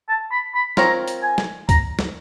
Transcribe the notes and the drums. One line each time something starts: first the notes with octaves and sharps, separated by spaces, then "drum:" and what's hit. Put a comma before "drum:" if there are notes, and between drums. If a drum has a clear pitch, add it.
A5
B5
B5
C4 F4 A#4 C#5 A#5, drum: snare
drum: hi-hat
G#5
drum: snare
A#5, drum: kick D2, hi-hat
drum: snare